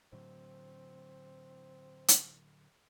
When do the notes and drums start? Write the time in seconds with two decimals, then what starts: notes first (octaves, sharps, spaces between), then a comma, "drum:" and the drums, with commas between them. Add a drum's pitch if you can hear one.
0.13 A2 D3 F#3 C4
2.08 drum: hi-hat